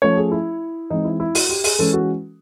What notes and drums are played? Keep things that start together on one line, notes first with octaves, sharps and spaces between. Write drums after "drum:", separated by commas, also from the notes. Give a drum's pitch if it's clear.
F3 A3 C#4 C#5
G#4
E4
E3 G#3 C4 D#4
E4
E4
F#4, drum: open hi-hat
G4
G#4, drum: open hi-hat
E3 G#3 C#4 A4
F#4